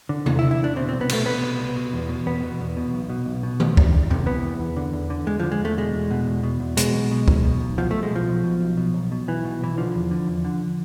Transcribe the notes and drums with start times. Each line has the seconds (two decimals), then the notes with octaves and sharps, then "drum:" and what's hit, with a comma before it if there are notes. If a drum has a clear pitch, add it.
0.09 D3
0.26 E2, drum: tom C3
0.39 E4
0.43 D3
0.51 E4
0.59 E2 D4
0.76 B2 C4
0.89 C4
0.93 C2
1.01 B3
1.09 B2 A3, drum: cymbal
1.26 C2 B3
1.43 B2
1.60 C2
1.76 B2
1.93 E2
2.09 B2
2.26 E2 B3
2.43 B2
2.60 E2
2.77 B2
2.93 B1
3.10 B2
3.26 B1
3.43 B2
3.60 B1, drum: tom D#3
3.77 E2, drum: kick
3.93 E2
4.10 C3, drum: tom F2
4.26 E3 B3
4.44 E2
4.61 E2
4.77 D3
4.93 E2
5.10 D3
5.27 E2 G#3
5.40 F3
5.43 D3
5.52 G#3
5.60 E2 A3
5.77 B2 G#3
5.94 E2
6.11 B2
6.27 E2
6.43 B2
6.60 E2
6.77 B2 G#3, drum: hi-hat
6.94 B1
7.11 B2
7.28 B1, drum: kick
7.44 B2
7.61 B1
7.78 B2 F3
7.91 B1 A3
8.03 G#3
8.11 B2 F3
8.28 B1
8.44 B2
8.61 B1
8.77 B2
8.94 B1
9.12 B2
9.28 B1 E3
9.45 B2
9.61 B1 E3
9.77 D3 F3
9.95 E2
10.11 D3
10.28 E2
10.45 D3